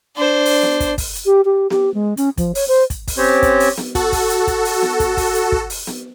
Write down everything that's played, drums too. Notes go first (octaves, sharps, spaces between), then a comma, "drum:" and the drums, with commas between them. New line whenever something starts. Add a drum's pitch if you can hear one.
D4 C5
drum: open hi-hat
drum: snare B3
drum: kick, hi-hat
drum: kick, open hi-hat
drum: hi-hat
G4
G4
G4, drum: snare B3
G#3
C#4, drum: hi-hat
F3, drum: kick, hi-hat
C#5, drum: open hi-hat
C5
drum: kick, hi-hat
drum: kick, open hi-hat
C4 C#4 G4 C5 C#5
drum: kick, hi-hat
drum: open hi-hat
drum: snare B3
F#4 A4, drum: kick, hi-hat
drum: kick, open hi-hat
drum: hi-hat
drum: kick, hi-hat
drum: open hi-hat
drum: snare B3
drum: kick, hi-hat
drum: kick, open hi-hat
drum: hi-hat
drum: kick
drum: open hi-hat
drum: snare B3